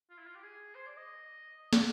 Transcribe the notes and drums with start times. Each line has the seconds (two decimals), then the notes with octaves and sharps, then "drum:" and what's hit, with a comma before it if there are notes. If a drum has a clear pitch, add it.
0.10 F4
0.18 E4
0.26 F4
0.35 G4
0.43 G#4
0.75 C5
0.87 D5
0.97 D#5
1.73 D5, drum: snare